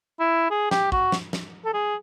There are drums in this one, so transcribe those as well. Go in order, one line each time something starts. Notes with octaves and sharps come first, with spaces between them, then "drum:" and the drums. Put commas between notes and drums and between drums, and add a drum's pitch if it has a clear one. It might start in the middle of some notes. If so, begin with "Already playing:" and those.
E4
G#4
G4, drum: snare
F#4, drum: kick
drum: snare
drum: snare
A4
G#4